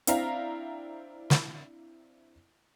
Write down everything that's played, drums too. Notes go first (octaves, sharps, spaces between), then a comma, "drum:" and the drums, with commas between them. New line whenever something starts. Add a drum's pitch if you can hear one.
C4 D4 E4 F5 A#5, drum: hi-hat
drum: snare